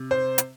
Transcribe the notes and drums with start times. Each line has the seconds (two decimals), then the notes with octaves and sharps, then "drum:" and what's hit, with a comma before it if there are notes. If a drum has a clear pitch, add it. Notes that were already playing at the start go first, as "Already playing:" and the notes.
Already playing: C3
0.11 C5
0.38 drum: hi-hat